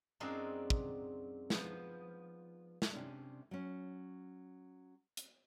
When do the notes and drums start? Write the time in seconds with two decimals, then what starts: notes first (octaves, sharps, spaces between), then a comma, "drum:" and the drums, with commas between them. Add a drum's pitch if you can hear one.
0.20 F#2 G#3 C4 D4 D#4 F4
0.70 drum: kick
1.50 F3 B3, drum: snare
2.82 drum: snare
2.93 C3 C#4 D4
3.51 F#3 C#4
5.17 drum: hi-hat